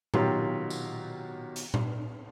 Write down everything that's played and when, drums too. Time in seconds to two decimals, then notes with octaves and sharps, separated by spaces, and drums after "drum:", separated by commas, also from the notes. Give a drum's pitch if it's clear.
0.14 B2 D#3 F#3 F4 G4, drum: tom A#2
0.71 drum: tambourine
1.56 drum: hi-hat
1.74 drum: tom A#2